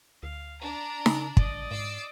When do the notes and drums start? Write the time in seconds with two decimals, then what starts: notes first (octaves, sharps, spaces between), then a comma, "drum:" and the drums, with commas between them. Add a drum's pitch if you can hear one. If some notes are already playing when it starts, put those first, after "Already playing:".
0.23 D2 F5
0.62 D4 A#5
1.06 C#3, drum: snare D#4
1.37 A1 D5 D#5, drum: kick
1.71 G#2 D6 E6 C7